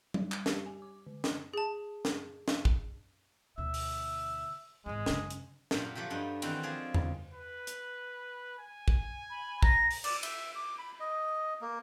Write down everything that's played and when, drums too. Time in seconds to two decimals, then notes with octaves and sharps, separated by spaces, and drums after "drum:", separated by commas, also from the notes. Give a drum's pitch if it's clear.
0.14 G3, drum: tom F#3
0.32 drum: clap
0.46 G4, drum: snare
0.66 G#5
0.82 D6
1.07 D3
1.24 drum: snare
1.54 G#4 A5
2.05 drum: snare
2.48 drum: snare
2.65 drum: kick
3.58 D2 B2 E5
3.74 drum: open hi-hat
4.86 G#1 E2 G#3
5.06 F#2 C#3, drum: snare
5.31 drum: hi-hat
5.71 A#2 F#3 A#3 G4, drum: snare
5.95 F3 F#3 A3 G4
6.10 G2 D4 D#4
6.42 D#3 E3 C4 F#4, drum: cymbal
6.63 F3 G#4 D5
6.94 drum: tom E2
7.33 B4
7.67 drum: hi-hat
8.59 G#5
8.88 drum: kick
9.30 B5
9.63 A#5 A#6, drum: kick
9.91 drum: open hi-hat
10.04 D5, drum: cymbal
10.23 E5, drum: cymbal
10.55 D6
10.79 B5
11.00 D#5
11.61 A#3